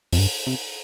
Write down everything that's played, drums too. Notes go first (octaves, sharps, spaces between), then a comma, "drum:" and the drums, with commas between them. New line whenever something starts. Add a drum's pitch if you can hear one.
F2, drum: open hi-hat
G2
C3